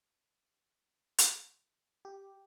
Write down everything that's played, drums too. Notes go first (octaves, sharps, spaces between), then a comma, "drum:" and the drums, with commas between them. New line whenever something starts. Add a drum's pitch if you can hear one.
drum: hi-hat
G4